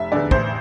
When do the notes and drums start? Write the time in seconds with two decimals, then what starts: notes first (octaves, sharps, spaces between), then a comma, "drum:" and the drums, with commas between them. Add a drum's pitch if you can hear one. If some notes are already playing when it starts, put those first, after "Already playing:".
Already playing: F1 E5
0.12 E2 D3 D5
0.31 A1 C5, drum: kick